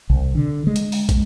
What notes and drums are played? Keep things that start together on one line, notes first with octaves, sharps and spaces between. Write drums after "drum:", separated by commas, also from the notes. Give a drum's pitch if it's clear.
C2
D3
G#3
drum: hi-hat
drum: open hi-hat
drum: kick, hi-hat